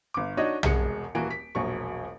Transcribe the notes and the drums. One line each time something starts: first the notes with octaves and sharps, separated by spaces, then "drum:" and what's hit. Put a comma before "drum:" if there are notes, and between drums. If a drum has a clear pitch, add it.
G1 D6
D4 D#4 F#4 C#5 D#5
E1 C2 G#3 C#7, drum: tom B1
D#1 E3 A#3 F#4 G#5 D7
B6
E1 A#1 F#3 C#6